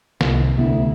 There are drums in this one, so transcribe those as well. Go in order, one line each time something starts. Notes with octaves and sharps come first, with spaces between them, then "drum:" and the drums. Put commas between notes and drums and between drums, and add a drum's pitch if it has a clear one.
C2, drum: snare
D2 C3 B3 D4 E4